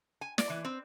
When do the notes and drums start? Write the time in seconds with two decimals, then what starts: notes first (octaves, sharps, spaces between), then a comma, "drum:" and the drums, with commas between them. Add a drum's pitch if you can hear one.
0.21 G#5
0.38 D5, drum: snare
0.50 E3
0.65 C4